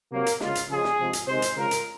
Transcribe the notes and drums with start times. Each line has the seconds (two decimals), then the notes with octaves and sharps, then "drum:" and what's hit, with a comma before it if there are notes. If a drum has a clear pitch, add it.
0.12 C3 F#3 A#3
0.26 drum: hi-hat
0.40 C#3 G#3 F4, drum: snare
0.55 drum: hi-hat
0.70 C#3 F3 G#3 G#4
0.84 drum: snare
0.99 C3 F3 G#3
1.13 drum: hi-hat
1.27 C3 D#3 G#3 C5
1.42 drum: hi-hat
1.57 C#3 F3 G#3 A#4
1.71 drum: hi-hat